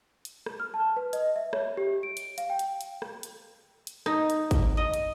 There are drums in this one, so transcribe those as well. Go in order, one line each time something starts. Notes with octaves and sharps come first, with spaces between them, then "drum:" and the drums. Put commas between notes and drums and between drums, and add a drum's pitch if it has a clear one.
drum: hi-hat
drum: rim click
F6
A5
B4
D#5, drum: hi-hat
E5
C#5, drum: rim click
G4
D7
drum: hi-hat
F5, drum: hi-hat
G5
drum: hi-hat
drum: hi-hat
drum: rim click
drum: hi-hat
drum: hi-hat
D#4, drum: rim click
drum: hi-hat
drum: kick G#1, hi-hat
D#5
drum: hi-hat